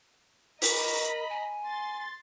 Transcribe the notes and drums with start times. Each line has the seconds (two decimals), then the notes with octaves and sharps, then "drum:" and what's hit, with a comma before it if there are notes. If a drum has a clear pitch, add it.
0.62 A#4 D#5 A#5 B5, drum: open hi-hat
1.30 G#5
1.66 C6 A6